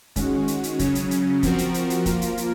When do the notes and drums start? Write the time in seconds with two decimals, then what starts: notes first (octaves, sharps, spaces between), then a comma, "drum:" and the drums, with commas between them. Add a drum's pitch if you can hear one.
0.16 D#3 G#3 C#4 F#4, drum: kick, hi-hat
0.48 drum: hi-hat
0.63 drum: hi-hat
0.79 C#3 F#3 C#4, drum: kick, hi-hat
0.95 drum: hi-hat
1.11 drum: hi-hat
1.43 F3 C4 F#4 A#4, drum: kick, hi-hat
1.58 drum: hi-hat
1.74 drum: hi-hat
1.90 drum: hi-hat
2.06 F3 A#3 F4 A#4, drum: kick, hi-hat
2.22 drum: hi-hat
2.37 drum: hi-hat